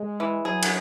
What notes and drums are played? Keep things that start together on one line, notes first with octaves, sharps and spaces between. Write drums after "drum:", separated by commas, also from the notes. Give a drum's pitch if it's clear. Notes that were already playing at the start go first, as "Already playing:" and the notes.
Already playing: G#3
E3
F#3 G#4
drum: cymbal